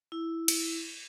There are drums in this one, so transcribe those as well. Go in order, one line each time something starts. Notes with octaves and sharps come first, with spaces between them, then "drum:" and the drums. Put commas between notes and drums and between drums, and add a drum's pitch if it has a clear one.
E4
drum: cymbal